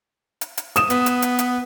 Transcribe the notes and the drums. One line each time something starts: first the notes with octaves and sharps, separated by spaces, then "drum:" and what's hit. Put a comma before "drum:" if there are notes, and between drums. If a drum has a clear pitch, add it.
drum: hi-hat
drum: hi-hat
D#6 E7, drum: hi-hat
B3, drum: hi-hat
drum: hi-hat
drum: hi-hat
drum: hi-hat